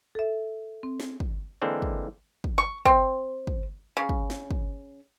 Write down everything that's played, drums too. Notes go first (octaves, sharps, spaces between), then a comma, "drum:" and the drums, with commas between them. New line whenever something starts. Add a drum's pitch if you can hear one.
A4 E5
C4
drum: snare
drum: kick
D3 E3 G#3 A#3 C4 D4
drum: kick
drum: kick
C#6
C4, drum: kick
drum: kick
C#3
drum: kick
drum: snare
drum: kick